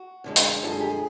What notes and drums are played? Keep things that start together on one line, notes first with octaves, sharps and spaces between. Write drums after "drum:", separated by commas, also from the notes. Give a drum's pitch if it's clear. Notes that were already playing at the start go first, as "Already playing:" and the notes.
Already playing: F#4
F#2 D3 F3 G#3
drum: hi-hat
F#2 D3 F3 G#3 A4
G#4
G4
G#4